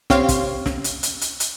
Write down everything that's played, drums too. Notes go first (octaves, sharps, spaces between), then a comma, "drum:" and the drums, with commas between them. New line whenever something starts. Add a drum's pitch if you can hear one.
C4 G4 C#5 F5 C6, drum: snare
drum: kick, hi-hat
drum: snare
drum: hi-hat
drum: hi-hat
drum: hi-hat
drum: hi-hat